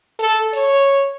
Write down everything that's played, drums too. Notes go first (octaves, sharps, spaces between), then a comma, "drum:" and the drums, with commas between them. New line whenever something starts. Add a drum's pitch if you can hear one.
A4, drum: tambourine
C#5, drum: tambourine